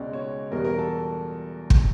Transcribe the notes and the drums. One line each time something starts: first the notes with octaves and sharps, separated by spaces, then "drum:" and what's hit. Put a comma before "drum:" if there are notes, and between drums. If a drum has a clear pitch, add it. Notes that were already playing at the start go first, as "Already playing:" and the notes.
Already playing: C#2 B2 G#3 C#4 D5
C#5
E2 B2 G3 A#4
A#4
A4
drum: kick